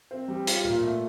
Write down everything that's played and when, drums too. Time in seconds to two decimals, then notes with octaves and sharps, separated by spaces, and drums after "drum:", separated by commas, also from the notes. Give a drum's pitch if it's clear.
0.11 C4
0.28 G3
0.47 F4, drum: hi-hat
0.65 A#2
0.82 A3